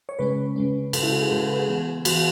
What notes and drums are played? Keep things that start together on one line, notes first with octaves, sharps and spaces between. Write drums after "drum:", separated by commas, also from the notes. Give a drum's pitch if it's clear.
C#5
C#3 G#3 C#4 B4
C#3 G#3 C#4
C#3 G#3 C#4 A4, drum: cymbal
E4
F#4
G#4
C#3 G#3 C#4 A4
B4
G#4
E3 B3
E3 B3 F#4, drum: cymbal